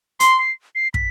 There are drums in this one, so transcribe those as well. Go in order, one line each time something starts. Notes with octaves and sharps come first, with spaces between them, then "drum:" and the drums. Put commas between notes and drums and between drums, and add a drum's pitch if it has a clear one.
C6 C7, drum: hi-hat
C7
C7
B6, drum: kick